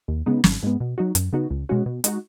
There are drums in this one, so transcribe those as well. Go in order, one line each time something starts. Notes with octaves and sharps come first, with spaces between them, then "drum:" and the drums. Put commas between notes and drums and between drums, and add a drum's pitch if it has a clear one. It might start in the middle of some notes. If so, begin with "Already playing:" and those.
D#2
C#3 G#3 B3 D#4
G#1, drum: snare
G#2 G#3 B3
B2
F#3 D#4 F#4
F#2, drum: hi-hat
C#3 B3 D#4 F#4
C#2
B2 G#3 C#4 F#4
B2
G#3 D#4 F#4, drum: hi-hat